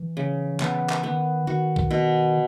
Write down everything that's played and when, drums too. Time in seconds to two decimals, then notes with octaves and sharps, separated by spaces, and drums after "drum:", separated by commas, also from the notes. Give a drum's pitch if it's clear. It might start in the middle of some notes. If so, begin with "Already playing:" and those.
Already playing: E3
0.17 C#3
0.60 E3 B3, drum: clap
0.90 drum: clap
1.03 D#3 B3
1.47 D#3 F#4
1.76 drum: kick B1
1.91 B2